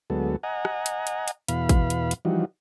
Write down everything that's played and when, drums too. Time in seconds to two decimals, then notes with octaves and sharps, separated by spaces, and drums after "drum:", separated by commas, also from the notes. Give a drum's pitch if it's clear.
0.10 D2 F#3 G#3 B3 A4
0.43 D#5 F#5 G#5 A#5
0.65 drum: rim click
0.86 drum: hi-hat
1.07 drum: hi-hat
1.28 drum: hi-hat
1.48 E2 B2 F5 B5, drum: hi-hat
1.69 drum: kick, hi-hat
1.90 drum: hi-hat
2.11 drum: hi-hat
2.25 E3 F3 G3 D#4 F#4